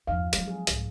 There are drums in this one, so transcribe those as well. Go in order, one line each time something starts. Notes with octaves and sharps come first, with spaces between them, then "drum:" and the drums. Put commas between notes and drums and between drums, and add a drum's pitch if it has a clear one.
E2 G2 F3 D#4 F5
F#3 G#3 C4, drum: hi-hat
G#4
C2 G#2, drum: hi-hat